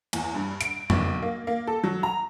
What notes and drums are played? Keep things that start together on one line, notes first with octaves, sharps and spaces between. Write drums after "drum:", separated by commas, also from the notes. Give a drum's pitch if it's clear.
E2, drum: cymbal
G2
D7, drum: hi-hat
B1, drum: tom F2
A#3
A#3
A4
F#3
A#5